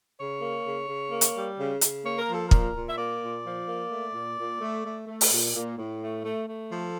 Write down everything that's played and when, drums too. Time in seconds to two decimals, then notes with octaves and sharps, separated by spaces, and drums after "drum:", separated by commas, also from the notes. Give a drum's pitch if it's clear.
0.18 C#3 C#5
0.41 A#3
0.65 C#3
0.88 C#3
1.11 A#3
1.21 drum: hi-hat
1.35 G3
1.58 C#3
1.81 C#3, drum: hi-hat
2.04 A#3 C#5
2.18 A#4
2.27 F3 A4
2.46 A#4
2.51 A#2, drum: kick
2.75 A#2
2.88 E5
2.97 A#3 D5
3.21 A#2
3.45 F3
3.67 A#3
3.91 A3
4.14 A#2
4.37 A#2
4.61 A3
4.84 A3
5.07 A3
5.21 drum: open hi-hat
5.31 A#2
5.54 A#2
5.77 A2
6.00 A3
6.24 A3
6.47 A3
6.70 F3 A4